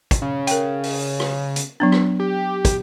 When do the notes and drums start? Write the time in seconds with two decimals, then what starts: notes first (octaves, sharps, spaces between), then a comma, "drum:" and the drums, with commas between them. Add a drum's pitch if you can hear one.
0.11 drum: kick, hi-hat
0.22 C#3
0.47 A#4 G5, drum: hi-hat
0.84 drum: open hi-hat
1.20 drum: rim click
1.56 drum: hi-hat
1.80 F#3 B3 D4
1.92 drum: rim click
2.20 G4
2.65 drum: kick, hi-hat